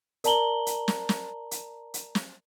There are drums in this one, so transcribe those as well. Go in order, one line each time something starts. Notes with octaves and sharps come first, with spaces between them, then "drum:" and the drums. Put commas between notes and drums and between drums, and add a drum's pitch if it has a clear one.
A#4 D5 A5 A#5 F#7 G7, drum: hi-hat
drum: hi-hat
drum: snare
drum: snare
drum: hi-hat
drum: hi-hat
drum: snare